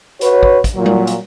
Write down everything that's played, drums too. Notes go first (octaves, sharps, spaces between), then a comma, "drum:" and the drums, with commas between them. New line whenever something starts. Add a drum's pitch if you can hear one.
F#4 B4 C#5, drum: hi-hat
drum: kick
drum: kick, hi-hat
A#2 F#3
drum: tom G3
drum: hi-hat